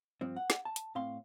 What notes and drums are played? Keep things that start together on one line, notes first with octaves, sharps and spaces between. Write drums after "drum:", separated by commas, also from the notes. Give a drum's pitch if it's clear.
G2 F3 C4
F#5
drum: snare
A5
drum: hi-hat
A2 C4 F5 C6